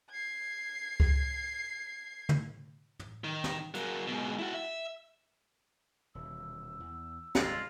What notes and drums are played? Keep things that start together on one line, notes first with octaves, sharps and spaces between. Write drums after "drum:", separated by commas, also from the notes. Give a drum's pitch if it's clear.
G#6 C7
drum: kick C#2
drum: tom
drum: tom
D#3
drum: snare
F#3 A#3, drum: hi-hat
G#2 B2
E4 F#4
E5
D#1 B2 E3 E6
E2
F#1 D#2 A2 G#3 A#3 C#4 F4, drum: snare